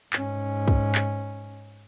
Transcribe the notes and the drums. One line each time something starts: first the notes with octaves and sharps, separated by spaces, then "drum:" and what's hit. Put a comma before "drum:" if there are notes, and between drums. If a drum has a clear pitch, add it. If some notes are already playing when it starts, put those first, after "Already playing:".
G#2 C#4, drum: clap
drum: kick
drum: clap